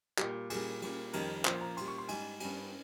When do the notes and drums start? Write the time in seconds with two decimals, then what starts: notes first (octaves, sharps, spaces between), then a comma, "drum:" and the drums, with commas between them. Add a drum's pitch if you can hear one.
0.18 A#2 G3 G4, drum: clap
0.50 A#2 G3 G#4, drum: cymbal
0.82 A#2 G3, drum: cymbal
1.13 F2 D#3 G3 A#4, drum: cymbal
1.45 A#2 F3 C5, drum: clap
1.61 A#5
1.77 A#2 G3 C6, drum: cymbal
1.88 C#6
1.98 C6
2.08 G#2 G3 G#5, drum: cymbal
2.40 G2 G3 G#5, drum: cymbal